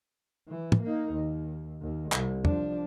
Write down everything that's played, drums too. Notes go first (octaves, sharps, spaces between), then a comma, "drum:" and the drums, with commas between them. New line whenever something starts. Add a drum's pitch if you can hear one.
E3
drum: tom
A#3 D#4
D#2
D#2
C2, drum: clap
F3 D4, drum: tom